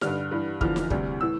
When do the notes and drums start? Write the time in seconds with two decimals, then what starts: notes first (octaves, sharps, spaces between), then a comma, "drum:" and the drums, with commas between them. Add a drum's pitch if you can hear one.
0.01 G2 D3 G3 F6, drum: snare D#4
0.31 G2 E3 G3
0.61 E2 D3 F3 F6, drum: kick
0.76 drum: snare D#4
0.90 D2 C3 G3, drum: kick
1.21 A2 E3 E6